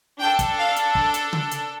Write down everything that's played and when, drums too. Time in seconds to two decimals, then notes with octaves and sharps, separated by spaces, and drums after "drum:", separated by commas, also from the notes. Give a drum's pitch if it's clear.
0.20 D4 A4 G5
0.39 drum: kick, hi-hat
0.58 F5
0.76 drum: hi-hat
0.95 drum: kick
1.14 drum: hi-hat
1.33 drum: tom C#3
1.51 drum: hi-hat